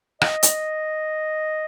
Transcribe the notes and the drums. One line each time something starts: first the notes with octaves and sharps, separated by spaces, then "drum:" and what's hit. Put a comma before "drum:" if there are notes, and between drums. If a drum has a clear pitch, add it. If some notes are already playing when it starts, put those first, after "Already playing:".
D#5, drum: rim click
drum: hi-hat